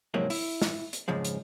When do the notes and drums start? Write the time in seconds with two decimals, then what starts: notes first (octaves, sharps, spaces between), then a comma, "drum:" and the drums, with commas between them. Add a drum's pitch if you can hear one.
0.14 F2 G#2 C3 F#3 A#3 E4
0.30 E4, drum: open hi-hat
0.62 drum: snare
0.93 drum: hi-hat
1.08 F2 G#2 C#3 F3 G#3
1.25 drum: hi-hat